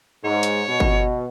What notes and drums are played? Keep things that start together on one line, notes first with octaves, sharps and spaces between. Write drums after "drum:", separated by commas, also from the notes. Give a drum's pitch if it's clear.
G#2 C#5
drum: hi-hat
B2
drum: kick G1